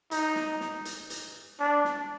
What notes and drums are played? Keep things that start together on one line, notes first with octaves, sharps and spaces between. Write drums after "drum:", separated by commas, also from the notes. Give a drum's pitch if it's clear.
D#4, drum: hi-hat
drum: snare
drum: snare
drum: hi-hat
drum: hi-hat
D4
drum: snare